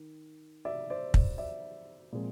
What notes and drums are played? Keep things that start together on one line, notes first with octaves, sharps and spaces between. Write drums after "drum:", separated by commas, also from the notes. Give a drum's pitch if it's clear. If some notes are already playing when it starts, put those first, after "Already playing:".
Already playing: D#3
D5 E5
C5 D5
drum: kick
D5 E5
A#2 F3 G#3 C4